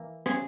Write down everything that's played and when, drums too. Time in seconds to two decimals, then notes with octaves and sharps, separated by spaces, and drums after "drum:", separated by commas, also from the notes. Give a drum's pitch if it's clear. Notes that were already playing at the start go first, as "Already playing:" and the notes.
Already playing: E3 A#3
0.26 C#3 G#4, drum: rim click